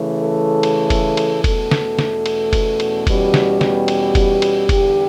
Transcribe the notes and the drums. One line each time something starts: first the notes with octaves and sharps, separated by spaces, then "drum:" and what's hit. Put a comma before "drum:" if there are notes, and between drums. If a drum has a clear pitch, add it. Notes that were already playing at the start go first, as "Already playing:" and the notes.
Already playing: C#3 E3 A3
A4
drum: cymbal
drum: kick F1, cymbal
drum: cymbal
E2 B2 A3 C#4 A4, drum: kick F1, cymbal
drum: snare
drum: snare
drum: cymbal
drum: kick F1, cymbal
drum: cymbal
E2 B2 G3 C#4 G4, drum: kick F1, cymbal
drum: snare
drum: snare
drum: cymbal
drum: kick F1, cymbal
drum: cymbal
E2 D3 G3 G4, drum: kick F1, cymbal